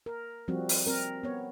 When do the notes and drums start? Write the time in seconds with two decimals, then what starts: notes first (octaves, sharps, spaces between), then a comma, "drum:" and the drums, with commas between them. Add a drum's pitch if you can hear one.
0.06 A#4
0.48 F3 G3 C4 F#4
0.69 drum: open hi-hat
0.87 C4 A#4
1.23 B3 C#5